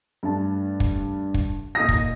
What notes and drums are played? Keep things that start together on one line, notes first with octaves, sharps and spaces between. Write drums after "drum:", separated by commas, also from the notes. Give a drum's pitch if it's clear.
G2 A3 A5
drum: kick
drum: kick
A#2 D#4 D#6 A#6
drum: kick